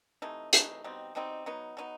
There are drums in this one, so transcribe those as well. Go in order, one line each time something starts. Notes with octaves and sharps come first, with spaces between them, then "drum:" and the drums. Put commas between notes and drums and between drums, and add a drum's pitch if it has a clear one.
C3 E3 A3 D#4
C3 E3 A3 D#4, drum: hi-hat
B2 G3 C4 D#4
B2 G3 C4 D#4
F#3 B3 D#4
F#3 B3 D#4